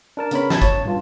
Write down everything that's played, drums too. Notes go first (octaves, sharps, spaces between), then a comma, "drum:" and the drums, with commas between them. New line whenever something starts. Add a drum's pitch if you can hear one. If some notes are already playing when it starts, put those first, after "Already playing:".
D4 A#4 A5
C#3 B3 A#4 C#5 B5, drum: hi-hat
A5 B5 G#6, drum: snare
C#5 A5, drum: kick, hi-hat
G2 F4 A5